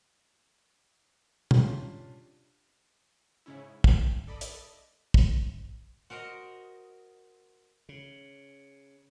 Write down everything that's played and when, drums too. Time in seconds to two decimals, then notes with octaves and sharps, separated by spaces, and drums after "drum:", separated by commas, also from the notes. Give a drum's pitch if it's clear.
1.51 C#4 D4 F4 G4, drum: tom
3.46 G#2 C#3 C#4 E4
3.84 G5, drum: kick
4.27 A4 D5 D#5 B5
4.41 drum: hi-hat
5.14 drum: kick
6.10 F#4 A#4 C5 D#5
7.89 C#3